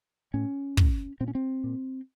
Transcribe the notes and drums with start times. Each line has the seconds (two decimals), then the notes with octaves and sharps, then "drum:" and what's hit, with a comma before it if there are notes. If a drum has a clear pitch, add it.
0.34 A2 C#4
0.77 A2, drum: kick
1.20 A#2 C4
1.28 C#4
1.35 C4
1.64 A#2